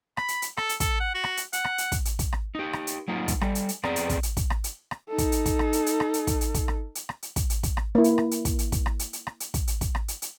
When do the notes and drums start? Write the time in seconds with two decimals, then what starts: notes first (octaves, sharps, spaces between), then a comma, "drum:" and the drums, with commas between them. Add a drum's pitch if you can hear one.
0.17 B5, drum: rim click
0.28 drum: hi-hat
0.42 drum: hi-hat
0.57 A4, drum: rim click
0.69 drum: hi-hat
0.80 A4, drum: kick, hi-hat
1.00 F#5
1.15 F#4
1.24 drum: rim click
1.37 drum: hi-hat
1.53 F#5, drum: hi-hat
1.64 drum: rim click
1.78 drum: hi-hat
1.92 drum: kick, hi-hat
2.05 drum: hi-hat
2.19 drum: kick, hi-hat
2.33 drum: rim click
2.55 D#4 G4
2.73 drum: rim click
2.87 drum: hi-hat
3.08 F#3 A#3 D#4 F4
3.28 drum: kick, hi-hat
3.41 G3 A4, drum: rim click
3.55 drum: hi-hat
3.69 drum: hi-hat
3.84 F2 B3 C4 G#4 D5 A#5, drum: rim click
3.96 drum: hi-hat
4.09 drum: kick, hi-hat
4.23 drum: hi-hat
4.37 drum: kick, hi-hat
4.50 drum: rim click
4.64 drum: hi-hat
4.91 drum: rim click
5.09 D#4 A4
5.18 drum: kick, hi-hat
5.32 drum: hi-hat
5.46 drum: kick, hi-hat
5.59 drum: rim click
5.73 drum: hi-hat
5.86 drum: hi-hat
6.00 drum: rim click
6.14 drum: hi-hat
6.27 drum: kick, hi-hat
6.41 drum: hi-hat
6.54 drum: kick, hi-hat
6.68 drum: rim click
6.95 drum: hi-hat
7.09 drum: rim click
7.22 drum: hi-hat
7.36 drum: kick, hi-hat
7.50 drum: hi-hat
7.63 drum: kick, hi-hat
7.77 drum: rim click
7.95 A#3 E4
8.04 drum: hi-hat
8.18 drum: rim click
8.31 drum: hi-hat
8.45 drum: kick, hi-hat
8.59 drum: hi-hat
8.72 drum: kick, hi-hat
8.86 drum: rim click
8.99 drum: hi-hat
9.13 drum: hi-hat
9.27 drum: rim click
9.40 drum: hi-hat
9.54 drum: kick, hi-hat
9.67 drum: hi-hat
9.81 drum: kick, hi-hat
9.95 drum: rim click
10.08 drum: hi-hat
10.22 drum: hi-hat